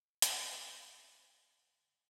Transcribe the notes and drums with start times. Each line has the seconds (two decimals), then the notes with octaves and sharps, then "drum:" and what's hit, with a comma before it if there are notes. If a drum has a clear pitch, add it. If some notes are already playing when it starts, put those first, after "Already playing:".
0.22 F#2 C#3, drum: hi-hat